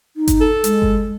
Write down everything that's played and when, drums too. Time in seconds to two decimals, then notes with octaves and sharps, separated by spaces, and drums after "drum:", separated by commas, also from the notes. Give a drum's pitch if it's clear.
0.17 D#4
0.28 drum: kick G1, hi-hat
0.41 A4
0.64 G#3, drum: hi-hat
0.82 drum: kick G1